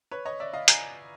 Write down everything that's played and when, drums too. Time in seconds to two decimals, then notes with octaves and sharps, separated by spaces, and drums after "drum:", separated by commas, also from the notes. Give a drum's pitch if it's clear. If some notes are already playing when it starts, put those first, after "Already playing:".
0.11 B4 C#5
0.25 C#5 D#5
0.40 D5 E5
0.53 D#5 F5
0.68 G#5 A#5, drum: hi-hat